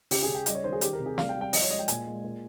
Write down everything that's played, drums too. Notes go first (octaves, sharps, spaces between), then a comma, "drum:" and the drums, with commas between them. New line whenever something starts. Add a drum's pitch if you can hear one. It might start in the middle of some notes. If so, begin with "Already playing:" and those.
C#3 G4, drum: open hi-hat
G#4
C#3
G5
G3 D#5, drum: hi-hat
C#5
D#3 C5
G#4
D#3 G4, drum: hi-hat
A#4
C3
G#4
G3 F5, drum: snare
G5
G3
G5
F3 D#5, drum: open hi-hat
C#5
G#3 D#5
G5
A#2 G#5, drum: hi-hat
G#3
A#2